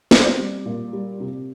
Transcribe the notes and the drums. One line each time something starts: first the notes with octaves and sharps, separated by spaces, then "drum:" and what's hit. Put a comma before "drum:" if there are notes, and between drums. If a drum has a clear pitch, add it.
C4 D5, drum: snare
C5
D5
G3
A#2
G3
C3